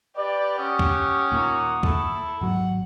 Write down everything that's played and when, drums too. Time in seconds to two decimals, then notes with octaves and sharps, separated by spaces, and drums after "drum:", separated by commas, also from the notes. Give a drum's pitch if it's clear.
0.17 G4 B4 D5
0.58 C#4 F#5 C#6 D#6
0.79 drum: kick
1.32 D#2 A#2 A#3
1.83 E4 A4, drum: kick
2.41 G#1 F#3 F#5